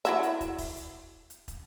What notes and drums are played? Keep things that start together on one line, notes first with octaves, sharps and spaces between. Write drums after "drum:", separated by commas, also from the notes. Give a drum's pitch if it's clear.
E4 F#4 E5, drum: hi-hat
drum: hi-hat
drum: kick, hi-hat
drum: kick, open hi-hat
drum: hi-hat
drum: hi-hat
drum: kick, hi-hat